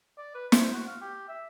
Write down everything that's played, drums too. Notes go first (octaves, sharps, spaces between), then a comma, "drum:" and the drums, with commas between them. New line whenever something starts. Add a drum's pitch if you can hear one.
D5
B4
C5, drum: snare
F#4
F5
G4
E5